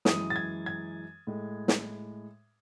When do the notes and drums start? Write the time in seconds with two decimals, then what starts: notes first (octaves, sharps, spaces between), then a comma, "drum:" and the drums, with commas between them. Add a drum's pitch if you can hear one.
0.05 F#2 E3 G#3 D#6, drum: snare
0.30 A6
0.36 G#6
0.66 G#6
1.27 A2 G#3
1.68 drum: snare